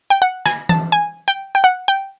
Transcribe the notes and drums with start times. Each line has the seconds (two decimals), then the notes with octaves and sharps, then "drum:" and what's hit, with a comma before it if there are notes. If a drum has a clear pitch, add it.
0.10 G5
0.22 F#5
0.46 G#5, drum: rim click
0.69 A5, drum: tom
0.92 G#5
1.28 G5
1.55 G5
1.64 F#5
1.88 G5